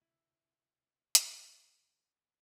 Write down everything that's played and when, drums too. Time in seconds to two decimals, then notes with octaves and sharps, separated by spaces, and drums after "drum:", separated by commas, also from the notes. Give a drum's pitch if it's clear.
0.01 D2 C3 E4 E6
1.15 drum: hi-hat